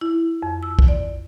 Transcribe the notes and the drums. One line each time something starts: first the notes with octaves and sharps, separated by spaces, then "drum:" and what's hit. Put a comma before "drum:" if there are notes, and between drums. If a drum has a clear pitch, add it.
E4
F2
E6
drum: kick
D5